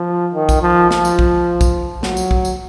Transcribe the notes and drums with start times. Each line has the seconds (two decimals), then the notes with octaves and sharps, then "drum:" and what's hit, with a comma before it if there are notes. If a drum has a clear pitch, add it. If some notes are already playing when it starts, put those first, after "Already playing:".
Already playing: F3
0.34 D#3
0.49 drum: kick A#1, tambourine
0.62 F3
0.91 F3, drum: snare
1.05 drum: tambourine
1.19 drum: kick A#1
1.61 drum: kick A#1, tambourine
2.03 F#3, drum: snare
2.17 drum: tambourine
2.31 drum: kick A#1
2.45 drum: tambourine